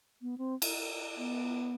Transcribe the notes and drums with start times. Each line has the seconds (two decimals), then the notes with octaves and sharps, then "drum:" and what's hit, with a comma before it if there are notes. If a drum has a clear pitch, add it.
0.22 B3
0.38 C4
0.62 drum: cymbal
1.17 B3